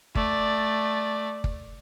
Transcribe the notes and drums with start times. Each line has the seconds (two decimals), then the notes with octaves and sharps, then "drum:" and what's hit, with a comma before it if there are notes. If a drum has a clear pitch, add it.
0.15 A3 D5, drum: kick
1.44 drum: kick